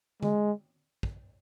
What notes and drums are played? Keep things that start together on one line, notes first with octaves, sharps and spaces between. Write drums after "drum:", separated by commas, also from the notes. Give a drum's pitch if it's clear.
G#3, drum: tom D3
drum: kick